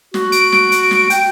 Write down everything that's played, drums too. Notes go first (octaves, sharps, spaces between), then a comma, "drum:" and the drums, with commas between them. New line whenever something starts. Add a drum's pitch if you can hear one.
F#4, drum: snare
D7, drum: hi-hat
drum: snare
drum: hi-hat
drum: snare
G5, drum: hi-hat